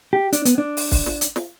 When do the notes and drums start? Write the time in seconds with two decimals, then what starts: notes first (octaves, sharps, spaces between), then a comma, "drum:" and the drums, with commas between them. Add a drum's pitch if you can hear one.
0.13 G4
0.33 D4, drum: hi-hat
0.45 B3, drum: hi-hat
0.58 D4
0.77 drum: open hi-hat
0.92 drum: kick, open hi-hat
1.06 drum: snare
1.21 drum: hi-hat
1.36 drum: snare